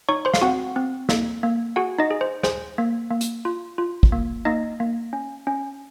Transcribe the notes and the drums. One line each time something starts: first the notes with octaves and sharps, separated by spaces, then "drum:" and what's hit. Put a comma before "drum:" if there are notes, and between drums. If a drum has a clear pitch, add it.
D#4 C#5 C#6
C5 C6
F5, drum: snare
C4 F#4 F#5
C4
A#3, drum: snare
A#3
F#4 G#4 F#5
D#4 D#5
G#4
C5
G#4 C5, drum: snare
A#3
A#3
drum: hi-hat
F4
F4
drum: kick
A#3
A#3 D#4 D#5
A#3
C#4
C#4